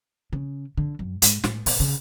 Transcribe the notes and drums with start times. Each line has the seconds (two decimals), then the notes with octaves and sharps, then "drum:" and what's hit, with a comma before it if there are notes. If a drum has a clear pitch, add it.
0.33 C#3
0.78 D3
0.99 F#2
1.22 G#2, drum: hi-hat
1.44 A2, drum: snare
1.66 B2, drum: open hi-hat
1.80 C#3